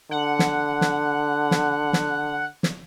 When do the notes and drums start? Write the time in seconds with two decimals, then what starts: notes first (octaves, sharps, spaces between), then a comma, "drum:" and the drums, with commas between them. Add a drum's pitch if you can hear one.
0.11 D3 F#5
0.39 drum: snare
0.81 drum: snare
1.51 drum: snare
1.93 drum: snare
2.63 drum: snare